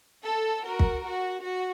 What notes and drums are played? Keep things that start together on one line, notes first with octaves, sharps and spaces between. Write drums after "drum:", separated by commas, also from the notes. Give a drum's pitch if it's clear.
A4
F#4 A#4
drum: kick
F#4
F#4